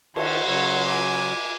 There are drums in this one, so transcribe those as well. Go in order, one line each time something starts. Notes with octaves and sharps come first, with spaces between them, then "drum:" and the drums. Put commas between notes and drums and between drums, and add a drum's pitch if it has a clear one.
D#3 C5 C#5 F#5 A5 C6, drum: cymbal
C#3 F#3 C#5
G#5 D6